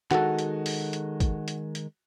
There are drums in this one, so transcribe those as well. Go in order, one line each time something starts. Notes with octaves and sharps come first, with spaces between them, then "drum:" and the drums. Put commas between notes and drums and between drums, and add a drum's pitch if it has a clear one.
D#3 G#3 F#4 A4 F#5, drum: clap
drum: hi-hat
drum: open hi-hat
drum: hi-hat
drum: kick, hi-hat
drum: hi-hat
drum: hi-hat